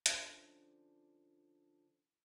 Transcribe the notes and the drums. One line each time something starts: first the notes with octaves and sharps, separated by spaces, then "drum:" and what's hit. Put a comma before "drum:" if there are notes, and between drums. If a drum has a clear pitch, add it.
D3 F3 C#4 D4, drum: hi-hat